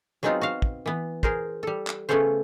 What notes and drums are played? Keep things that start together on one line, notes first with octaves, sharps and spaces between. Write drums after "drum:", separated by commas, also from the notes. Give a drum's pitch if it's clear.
F#3 G#3 B3 C4 D#4 F4
F#4 F5
drum: kick
E3 B3
G#4 A#4 C5, drum: kick
G3 A4
drum: clap
C#3 A3 B3 C#4 A4 C5